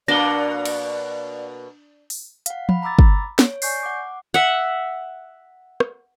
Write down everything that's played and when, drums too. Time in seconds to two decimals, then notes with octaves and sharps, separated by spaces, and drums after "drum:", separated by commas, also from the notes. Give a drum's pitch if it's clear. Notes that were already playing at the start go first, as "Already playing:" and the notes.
0.08 B2 A#3 D4 F#4 D5 A#6 G7
0.65 drum: cymbal
2.10 drum: open hi-hat
2.46 F5 F#5, drum: hi-hat
2.69 B5, drum: tom F3
2.82 A#5 B5 D6 E6 A6
2.99 drum: kick
3.39 C#5, drum: snare
3.62 D5 G#5 C#6 G6 C7, drum: open hi-hat
3.83 F#5 D6
4.34 E5 F#5
5.80 drum: rim click